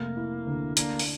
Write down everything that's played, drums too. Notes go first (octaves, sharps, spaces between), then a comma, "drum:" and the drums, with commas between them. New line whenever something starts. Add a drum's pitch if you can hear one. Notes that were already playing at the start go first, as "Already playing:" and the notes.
Already playing: F1 A3 A#3
E4
D2
A#3 D4, drum: hi-hat
drum: open hi-hat